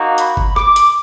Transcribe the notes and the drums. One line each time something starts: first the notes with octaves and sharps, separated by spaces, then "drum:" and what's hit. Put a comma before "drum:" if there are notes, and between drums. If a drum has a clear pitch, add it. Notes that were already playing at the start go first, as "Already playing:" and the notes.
Already playing: A#3 D#4 F#4
B5, drum: hi-hat
drum: kick G1
D6, drum: rim click
drum: hi-hat